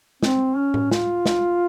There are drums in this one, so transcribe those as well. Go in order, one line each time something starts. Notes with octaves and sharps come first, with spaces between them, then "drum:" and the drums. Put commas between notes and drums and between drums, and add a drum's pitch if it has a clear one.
C4, drum: snare
C#4
drum: tom A2
F4, drum: snare
drum: snare